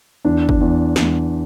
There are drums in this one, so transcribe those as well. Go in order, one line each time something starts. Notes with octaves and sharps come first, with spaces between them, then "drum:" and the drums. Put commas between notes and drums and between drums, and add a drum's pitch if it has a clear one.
E2 D4
drum: kick
E2
E2, drum: snare